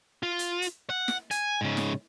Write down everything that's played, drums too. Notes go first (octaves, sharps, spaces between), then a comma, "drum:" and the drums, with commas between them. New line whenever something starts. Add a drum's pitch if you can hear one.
F4
drum: hi-hat
drum: hi-hat
F#5
drum: snare
G#5, drum: hi-hat
G#2 C#3
drum: snare